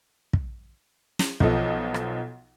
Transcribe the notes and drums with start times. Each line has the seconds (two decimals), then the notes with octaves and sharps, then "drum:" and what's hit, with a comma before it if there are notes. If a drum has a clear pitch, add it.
0.33 drum: kick
1.19 drum: snare
1.40 B1 F3 B3 A4 D#5, drum: kick
1.94 drum: rim click